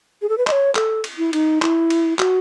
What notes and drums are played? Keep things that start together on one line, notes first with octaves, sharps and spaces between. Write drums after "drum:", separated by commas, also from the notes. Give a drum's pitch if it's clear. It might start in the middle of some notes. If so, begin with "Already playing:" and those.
G#4
A4
B4
D#5, drum: clap
C#5
A4, drum: clap
drum: cymbal
E4
D#4, drum: cymbal
E4, drum: clap
drum: cymbal
F#4, drum: clap